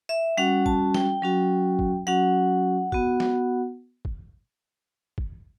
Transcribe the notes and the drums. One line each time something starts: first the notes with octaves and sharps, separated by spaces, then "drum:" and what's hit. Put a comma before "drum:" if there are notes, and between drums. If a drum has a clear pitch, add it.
E5
G3 C#4 F#4 F#5
A5, drum: kick
G5, drum: snare
F#3 C#4 F#4
drum: kick
F#3 C#4 F#4 F#5
B3 F#4, drum: kick
drum: snare
drum: kick
drum: kick